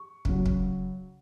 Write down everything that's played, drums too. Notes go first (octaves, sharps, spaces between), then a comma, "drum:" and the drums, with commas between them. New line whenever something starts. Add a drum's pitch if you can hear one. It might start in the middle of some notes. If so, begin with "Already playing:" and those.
Already playing: C#6
C#3 F#3, drum: kick
drum: kick